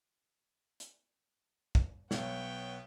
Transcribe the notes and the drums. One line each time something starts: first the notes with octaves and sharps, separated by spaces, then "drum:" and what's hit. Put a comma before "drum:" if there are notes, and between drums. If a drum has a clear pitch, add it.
drum: hi-hat
drum: kick A1
B1 B3 C#5 G5, drum: snare